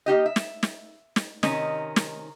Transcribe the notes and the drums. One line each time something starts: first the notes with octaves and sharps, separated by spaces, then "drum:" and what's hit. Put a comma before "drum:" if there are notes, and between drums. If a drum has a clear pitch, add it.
A#3 D#4 G4 D#5
E5
drum: snare
drum: snare
drum: snare
C3 D#3 C#4 D#4, drum: snare
drum: snare